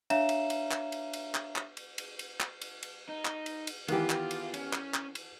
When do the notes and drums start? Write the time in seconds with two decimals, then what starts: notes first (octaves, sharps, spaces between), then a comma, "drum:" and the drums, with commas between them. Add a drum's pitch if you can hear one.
0.10 D4 C#5 E5 F5 A#5 E7, drum: cymbal
0.29 drum: cymbal
0.50 drum: cymbal
0.71 drum: clap
0.92 drum: cymbal
1.13 drum: cymbal
1.35 drum: clap
1.56 drum: clap
1.77 drum: cymbal
1.98 drum: cymbal
2.19 drum: cymbal
2.40 drum: clap
2.61 drum: cymbal
2.83 drum: cymbal
3.09 D#4
3.25 drum: clap
3.46 drum: cymbal
3.67 drum: cymbal
3.88 D#3 E3 B3 F4 G4, drum: cymbal
4.10 drum: clap
4.31 drum: cymbal
4.54 C#4, drum: cymbal
4.73 drum: clap
4.94 drum: clap
5.15 drum: cymbal